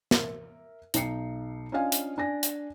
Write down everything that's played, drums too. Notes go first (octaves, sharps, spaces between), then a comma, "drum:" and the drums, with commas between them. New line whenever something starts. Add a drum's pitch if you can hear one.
A#4 E5, drum: snare
B1 D#4 C7 C#7, drum: hi-hat
C#4 D4 F4 D#5 F5 G#5
drum: hi-hat
D4 G#5 A#6
drum: hi-hat